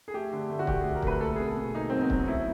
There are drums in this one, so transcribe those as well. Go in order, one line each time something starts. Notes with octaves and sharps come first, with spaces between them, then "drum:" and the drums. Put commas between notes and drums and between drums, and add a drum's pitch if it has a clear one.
G#4
A3 G4
D3
A3
F#4
A3 G4, drum: kick C#1
A3 G#4
A#4
A3 B4, drum: kick C#1
A#3 A4
B2 G#4
A4
B2
A#3 D#4
F#3 C4
B3
F#3, drum: kick C#1
A3 E4